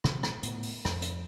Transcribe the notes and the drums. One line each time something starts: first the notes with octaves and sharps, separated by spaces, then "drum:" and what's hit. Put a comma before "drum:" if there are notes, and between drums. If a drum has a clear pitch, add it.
C3 E3 F#3 C4, drum: rim click
drum: rim click
A2 B3, drum: hi-hat
drum: open hi-hat
F2, drum: rim click
drum: hi-hat